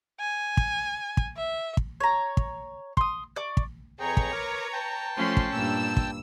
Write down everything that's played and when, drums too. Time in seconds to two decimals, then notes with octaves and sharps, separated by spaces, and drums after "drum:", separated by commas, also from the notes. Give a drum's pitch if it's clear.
0.20 G#5
0.57 drum: kick
1.17 drum: kick
1.37 E5
1.77 drum: kick
2.00 C#5 A#5
2.37 drum: kick
2.97 C6 D#6, drum: kick
3.36 D5 C#6
3.57 drum: kick
4.00 F2 G#4 B4 C#5 G5 A#5
4.17 drum: kick
4.32 A#4 D6
4.73 G5 A5
5.17 F3 A3 C#4 C6
5.37 drum: kick
5.53 G2 A#2 E6
5.97 drum: kick